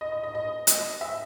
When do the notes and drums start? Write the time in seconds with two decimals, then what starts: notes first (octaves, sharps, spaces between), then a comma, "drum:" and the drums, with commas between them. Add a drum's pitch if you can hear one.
0.01 D#5
0.12 D#5
0.23 D#5
0.35 D#5
0.67 drum: hi-hat
1.01 E5